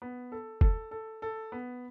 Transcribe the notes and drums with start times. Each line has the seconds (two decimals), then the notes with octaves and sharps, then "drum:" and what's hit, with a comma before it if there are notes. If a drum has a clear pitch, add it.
0.02 B3
0.32 A4
0.61 A4, drum: kick
0.91 A4
1.22 A4
1.52 B3